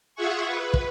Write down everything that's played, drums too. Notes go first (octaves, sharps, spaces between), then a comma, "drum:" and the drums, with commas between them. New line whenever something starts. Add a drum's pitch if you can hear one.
F4 G#4 E5 F#5 G#5 C#6
B4
drum: kick